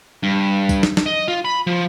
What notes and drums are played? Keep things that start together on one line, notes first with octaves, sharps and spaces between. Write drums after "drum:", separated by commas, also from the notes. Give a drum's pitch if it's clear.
G2
drum: kick, tambourine
drum: snare
drum: snare
D#5
F4
B5
F3